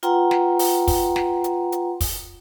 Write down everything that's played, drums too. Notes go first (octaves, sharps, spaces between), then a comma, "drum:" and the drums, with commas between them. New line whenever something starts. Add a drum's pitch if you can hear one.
F4 B4 F#5 G5 A#5 C6, drum: hi-hat
drum: snare
drum: open hi-hat
drum: kick, open hi-hat
drum: snare
drum: hi-hat
drum: hi-hat
drum: kick, open hi-hat